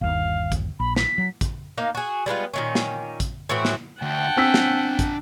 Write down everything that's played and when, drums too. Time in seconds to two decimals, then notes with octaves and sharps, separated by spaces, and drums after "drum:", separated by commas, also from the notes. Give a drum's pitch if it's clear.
0.01 G1 D#2 F5
0.52 drum: kick, hi-hat
0.80 A#1 B5
0.96 B6, drum: snare
1.18 F#3
1.41 drum: kick, hi-hat
1.77 A#3 D#4 F5
1.95 F#4 G#4
2.26 G3 G#3 B3 F4
2.54 A#2 D#3 C#4
2.75 drum: snare
3.20 drum: kick, hi-hat
3.49 A2 E3 C4 F#4
3.65 drum: snare
4.02 D2 F#5 G5 A5
4.37 C4 D4 G#5 E6 B6
4.54 drum: snare
4.99 drum: kick, hi-hat